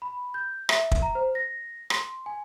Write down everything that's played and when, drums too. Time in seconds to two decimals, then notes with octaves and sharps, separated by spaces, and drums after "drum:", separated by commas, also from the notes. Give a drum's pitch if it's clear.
0.02 B5
0.34 G6
0.69 E5, drum: rim click
0.91 drum: kick
1.02 A#5
1.15 C5
1.35 A#6
1.90 C6, drum: rim click
2.26 G#5